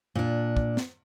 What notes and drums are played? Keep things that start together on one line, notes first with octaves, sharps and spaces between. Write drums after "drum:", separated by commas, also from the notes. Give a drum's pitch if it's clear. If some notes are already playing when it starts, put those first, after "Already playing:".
A#2 D4
drum: kick
drum: snare